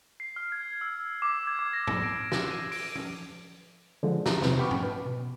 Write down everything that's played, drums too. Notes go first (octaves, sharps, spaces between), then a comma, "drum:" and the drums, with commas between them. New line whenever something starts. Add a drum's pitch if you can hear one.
C7
F6
G#6
E6
D6
G#6
D6
A#6
drum: tom G#2
D7
A#6, drum: snare
D#7
D7, drum: open hi-hat
drum: tom
D3 F3 G#3
A#5, drum: snare
E2 C3 B3 D#4 B4, drum: snare
F#5 G5 B5 C#6 D6 F6
drum: tom G#2
B4
B2